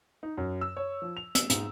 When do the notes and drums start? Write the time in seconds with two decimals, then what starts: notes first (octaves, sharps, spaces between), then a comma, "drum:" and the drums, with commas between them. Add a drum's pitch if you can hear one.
0.23 D#4
0.37 F#2
0.61 E6
0.77 C#5
1.02 F3
1.17 F7
1.35 E6, drum: hi-hat
1.50 G#2, drum: hi-hat